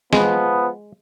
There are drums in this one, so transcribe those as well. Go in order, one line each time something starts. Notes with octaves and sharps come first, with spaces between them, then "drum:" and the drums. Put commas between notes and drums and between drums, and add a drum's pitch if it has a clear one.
F3 G#3 B3, drum: snare